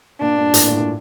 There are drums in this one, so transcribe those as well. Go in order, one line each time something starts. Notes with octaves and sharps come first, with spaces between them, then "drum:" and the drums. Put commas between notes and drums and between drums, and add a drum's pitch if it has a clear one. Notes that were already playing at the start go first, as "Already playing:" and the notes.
A#2 D4
G2
A2, drum: hi-hat
G2
A#2
A2
A#2